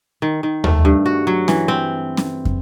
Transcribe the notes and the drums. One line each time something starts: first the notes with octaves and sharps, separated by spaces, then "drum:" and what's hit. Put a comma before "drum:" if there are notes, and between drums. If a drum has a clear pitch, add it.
D#3
D#3
A3, drum: tom D#2
G2
F#4
F#3
E3, drum: snare C#4
C4
drum: snare C#4
drum: kick